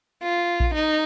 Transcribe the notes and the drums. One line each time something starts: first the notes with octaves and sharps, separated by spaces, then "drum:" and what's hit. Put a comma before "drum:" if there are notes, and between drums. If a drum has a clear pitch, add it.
F4
drum: kick A#1
D#4